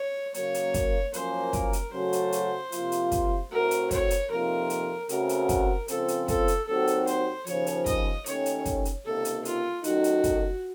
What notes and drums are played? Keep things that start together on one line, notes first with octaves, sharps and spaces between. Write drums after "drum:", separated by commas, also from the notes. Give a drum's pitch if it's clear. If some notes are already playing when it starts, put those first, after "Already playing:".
Already playing: C#5
C#3 F#3 A#3 C#5, drum: hi-hat
drum: hi-hat
drum: kick, hi-hat
F#2 F3 A#3 C#4 C5, drum: hi-hat
A#4, drum: kick, hi-hat
drum: hi-hat
C#3 F#3 A3 C#4 F#4 C5
drum: hi-hat
drum: hi-hat
C3 F3 A#3 F4, drum: hi-hat
drum: hi-hat
drum: kick, hi-hat
A2 A3 C4 F#4 A#4
drum: hi-hat
C#5, drum: kick, hi-hat
drum: hi-hat
F2 C3 D#3 A#3 F4 A#4
drum: hi-hat
C#3 A3 C4 F#4 A#4, drum: hi-hat
drum: hi-hat
drum: kick, hi-hat
C#2 C#3 F3 C4 F4 A4, drum: hi-hat
drum: hi-hat
A4, drum: kick, hi-hat
drum: hi-hat
D#2 D#3 F#3 C4 F#4 A4
drum: hi-hat
C5, drum: hi-hat
D#2 C#3 F3 C#5, drum: hi-hat
drum: hi-hat
D#5, drum: kick, hi-hat
D#2 D#3 A3 C#4 C#5, drum: hi-hat
drum: hi-hat
drum: kick, hi-hat
drum: hi-hat
C#2 C3 D#3 A#3 A4
drum: hi-hat
F4, drum: hi-hat
F#2 D#3 A3 D#4 F#4, drum: hi-hat
drum: hi-hat
drum: kick, hi-hat